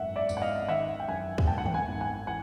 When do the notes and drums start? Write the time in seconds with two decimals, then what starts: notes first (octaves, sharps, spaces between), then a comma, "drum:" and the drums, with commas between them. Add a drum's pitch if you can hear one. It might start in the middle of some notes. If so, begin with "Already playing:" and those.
Already playing: G#1 F#2 E5 F#5
0.16 D5 E5
0.29 G#1, drum: tambourine
0.37 F#5
0.42 D#5 F5
0.68 D#3 E5 F#5
1.00 G5
1.08 F#2 F#5 G#5
1.38 drum: kick C#2
1.47 G#1 G5 A5
1.58 F#5
1.66 G5, drum: tom D#3
1.74 F#5 G#5
1.88 G#1
2.01 F#5 G#5
2.27 E3 F#5 G#5